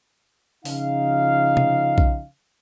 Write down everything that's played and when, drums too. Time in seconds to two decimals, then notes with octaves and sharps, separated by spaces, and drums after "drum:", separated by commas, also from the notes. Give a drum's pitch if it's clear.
0.65 C#3 F3 D#4 F5, drum: open hi-hat
1.57 drum: tom C3
1.98 drum: kick B1